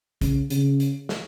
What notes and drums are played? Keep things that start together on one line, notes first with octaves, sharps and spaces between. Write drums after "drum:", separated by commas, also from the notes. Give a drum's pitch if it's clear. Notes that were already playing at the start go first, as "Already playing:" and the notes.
C#3, drum: kick, hi-hat
C#3, drum: hi-hat
drum: hi-hat
drum: snare